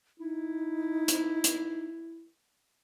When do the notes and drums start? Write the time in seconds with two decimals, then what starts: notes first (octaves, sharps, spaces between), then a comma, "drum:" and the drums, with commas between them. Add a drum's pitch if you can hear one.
0.20 D#4 E4
1.08 drum: hi-hat
1.44 drum: hi-hat